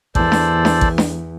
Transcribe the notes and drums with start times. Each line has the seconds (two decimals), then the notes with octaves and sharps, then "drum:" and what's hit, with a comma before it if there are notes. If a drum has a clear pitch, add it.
0.15 E2 A4 C5 D5, drum: kick A1
0.32 drum: snare D4
0.65 drum: snare D4
0.81 drum: kick A1
0.98 drum: snare D4